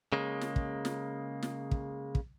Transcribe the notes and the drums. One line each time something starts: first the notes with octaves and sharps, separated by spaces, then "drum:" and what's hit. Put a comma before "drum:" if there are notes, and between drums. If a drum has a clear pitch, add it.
C#3 G#3 A#3
drum: snare
drum: kick
drum: snare
drum: snare
drum: kick
drum: kick